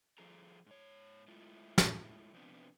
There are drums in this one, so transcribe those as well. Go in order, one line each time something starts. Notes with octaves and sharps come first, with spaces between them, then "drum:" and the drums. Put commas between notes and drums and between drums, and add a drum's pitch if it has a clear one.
F3 G#4 A4 A#5
G#2 C#5
G#3 A3 E4 F4
drum: snare
C3 F3 B3 C4 D4 B4